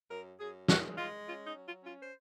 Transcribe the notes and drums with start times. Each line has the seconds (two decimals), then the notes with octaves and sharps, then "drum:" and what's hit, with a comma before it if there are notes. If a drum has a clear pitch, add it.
0.11 F#2 A#4
0.39 F#2 G#4
0.68 G#3 F#4, drum: snare
0.98 G#3 F4
1.27 C#4 F4
1.46 D#4
1.55 F#3
1.65 F4
1.84 C#4 F4
2.02 C5